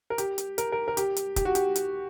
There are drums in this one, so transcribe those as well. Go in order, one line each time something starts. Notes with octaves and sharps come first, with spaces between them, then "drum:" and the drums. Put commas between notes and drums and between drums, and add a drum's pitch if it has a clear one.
A#4
G4, drum: hi-hat
drum: hi-hat
A#4, drum: hi-hat
A#4
A#4
G4, drum: hi-hat
drum: hi-hat
G4, drum: kick, hi-hat
F#4
G4, drum: hi-hat
drum: hi-hat